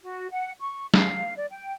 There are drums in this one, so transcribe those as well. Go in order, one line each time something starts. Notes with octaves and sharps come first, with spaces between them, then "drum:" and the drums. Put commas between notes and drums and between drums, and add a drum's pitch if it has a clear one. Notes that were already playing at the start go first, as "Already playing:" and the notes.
F#4
F#5
C#6
F5, drum: snare
D5
G5